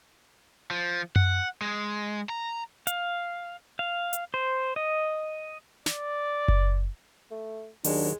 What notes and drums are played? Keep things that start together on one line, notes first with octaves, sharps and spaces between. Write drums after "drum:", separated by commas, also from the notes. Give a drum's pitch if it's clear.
F3
F#5, drum: tom F#2
G#3
A#5
F5, drum: hi-hat
F5
drum: hi-hat
C5
D#5
D5, drum: snare
drum: kick F#1
A3
D#2 D#3 F#3 G#3 D4, drum: open hi-hat